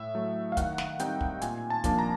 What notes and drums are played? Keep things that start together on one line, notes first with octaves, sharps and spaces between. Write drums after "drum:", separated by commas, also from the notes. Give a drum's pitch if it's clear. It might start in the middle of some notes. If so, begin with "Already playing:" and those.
Already playing: A2 E5
F#3 A3
F5
D#3 F#5, drum: kick, hi-hat
drum: snare
G3 C4 D#4 G5, drum: hi-hat
drum: kick
A#2 G#5, drum: hi-hat
A5
F3 A#3 D4, drum: kick, hi-hat
A#5